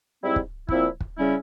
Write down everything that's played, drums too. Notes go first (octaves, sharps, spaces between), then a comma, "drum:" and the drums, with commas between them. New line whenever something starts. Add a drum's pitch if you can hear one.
G#2 G3 C4 E4
drum: kick
A#2 F3 C4 E4, drum: kick
drum: kick
C#3 G3 C#4 E4